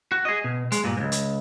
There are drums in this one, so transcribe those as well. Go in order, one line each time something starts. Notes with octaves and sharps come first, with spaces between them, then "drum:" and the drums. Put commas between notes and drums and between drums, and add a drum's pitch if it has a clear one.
F#4
G#4 D#5
B2
G#3, drum: hi-hat
G2 A#2
C#2 G#2
drum: hi-hat